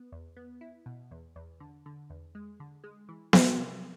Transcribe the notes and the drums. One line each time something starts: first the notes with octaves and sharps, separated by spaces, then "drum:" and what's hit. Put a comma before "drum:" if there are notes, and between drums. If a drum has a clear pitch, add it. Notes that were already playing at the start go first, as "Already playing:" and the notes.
Already playing: B3
E2
B3
E4
B2
E2
E2
D3
D3
E2
G#3
D3
G#3
E3
C3, drum: snare B3
C3